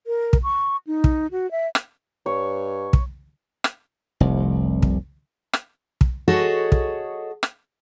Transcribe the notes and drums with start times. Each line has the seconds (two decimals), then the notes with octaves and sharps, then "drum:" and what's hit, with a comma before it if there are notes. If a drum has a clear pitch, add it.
0.07 A#4
0.33 drum: kick
0.43 C#6
0.87 D#4
1.04 drum: kick
1.31 F#4
1.51 E5
1.75 drum: rim click
2.26 G2 C#5
2.93 drum: kick
3.64 drum: rim click
4.20 F1 C2
4.82 drum: kick
5.53 drum: rim click
6.01 drum: kick
6.28 F#4 G#4 A4 C#5 D#5 F#5
6.72 drum: kick
7.43 drum: rim click